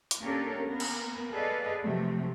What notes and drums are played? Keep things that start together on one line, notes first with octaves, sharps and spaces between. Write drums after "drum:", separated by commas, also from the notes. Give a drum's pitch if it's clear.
drum: hi-hat
A#3 C#4 D4 G4 A4 A#4
A#3 B3 A#4
drum: cymbal
G#4 A4 B4 D5 D#5 F5
C3 F3 F#3 A3